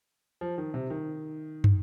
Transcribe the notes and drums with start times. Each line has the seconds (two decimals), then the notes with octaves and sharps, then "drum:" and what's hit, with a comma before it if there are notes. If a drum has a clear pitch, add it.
0.41 F3
0.58 D#3
0.74 C3
0.90 D#3
1.64 drum: tom